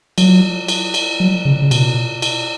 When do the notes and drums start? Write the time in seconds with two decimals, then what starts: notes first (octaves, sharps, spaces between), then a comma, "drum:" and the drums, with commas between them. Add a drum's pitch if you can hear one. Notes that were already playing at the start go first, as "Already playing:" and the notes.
0.18 F#3, drum: cymbal
0.68 drum: cymbal
0.94 drum: cymbal
1.20 F#3
1.45 C#3
1.62 C#3
1.71 B2, drum: cymbal
2.22 drum: cymbal